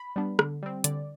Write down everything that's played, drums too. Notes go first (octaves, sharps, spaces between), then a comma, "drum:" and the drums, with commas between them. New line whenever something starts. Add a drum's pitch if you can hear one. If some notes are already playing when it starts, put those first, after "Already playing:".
Already playing: B5
G3 B3 D4
D3, drum: rim click
G3 C4
D3 D5, drum: hi-hat